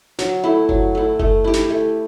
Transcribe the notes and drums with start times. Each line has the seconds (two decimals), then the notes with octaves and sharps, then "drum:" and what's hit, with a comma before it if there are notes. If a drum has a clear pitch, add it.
0.19 F#3, drum: snare
0.44 A3 E4
0.69 F#3, drum: kick F#1
0.95 A3 E4
1.19 A3, drum: kick F#1
1.44 E4 G4
1.53 drum: snare
1.70 A3